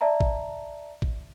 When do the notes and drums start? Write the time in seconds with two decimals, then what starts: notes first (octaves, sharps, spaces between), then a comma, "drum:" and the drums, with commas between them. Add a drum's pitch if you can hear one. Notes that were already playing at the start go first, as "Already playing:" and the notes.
0.01 D5 E5 A5 A#5
0.20 drum: kick
1.02 drum: kick